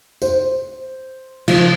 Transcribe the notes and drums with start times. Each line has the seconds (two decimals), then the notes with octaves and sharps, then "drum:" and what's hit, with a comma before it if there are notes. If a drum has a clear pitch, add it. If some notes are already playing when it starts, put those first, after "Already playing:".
0.22 C5, drum: tambourine
1.48 F3, drum: cymbal